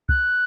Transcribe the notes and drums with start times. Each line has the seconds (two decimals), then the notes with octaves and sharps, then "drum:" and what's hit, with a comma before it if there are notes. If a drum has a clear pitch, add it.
0.09 F#6, drum: kick